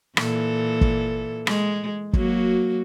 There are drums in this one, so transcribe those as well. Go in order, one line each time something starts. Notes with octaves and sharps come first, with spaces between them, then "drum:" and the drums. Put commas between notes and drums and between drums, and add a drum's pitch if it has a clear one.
A#2 E3 A4, drum: rim click
drum: kick G1
G#3, drum: rim click
F#3 A#3 F#4, drum: kick G1